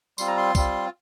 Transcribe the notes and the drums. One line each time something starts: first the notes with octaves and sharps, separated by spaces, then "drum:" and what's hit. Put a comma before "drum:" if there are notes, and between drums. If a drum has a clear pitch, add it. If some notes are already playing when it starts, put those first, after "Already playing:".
G3 C4 F4 C6, drum: tambourine
A#5
C6
G3 C4 F4, drum: kick C2, tambourine